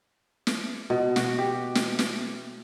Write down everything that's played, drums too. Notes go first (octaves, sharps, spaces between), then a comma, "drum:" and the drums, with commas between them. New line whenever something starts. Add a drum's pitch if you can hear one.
drum: snare
B2
F#4, drum: snare
G4
drum: snare
drum: snare